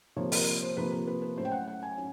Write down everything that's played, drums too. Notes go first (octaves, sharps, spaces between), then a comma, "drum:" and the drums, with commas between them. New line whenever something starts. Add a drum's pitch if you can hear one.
C3 F3 A#3 C#5
A#4, drum: open hi-hat
C5
C3 F3 A#3 B4
A#4
B4
B4
A2 F#3 A3 C#4 C5
G5
F#5
F#5
G#5
F#3 C#4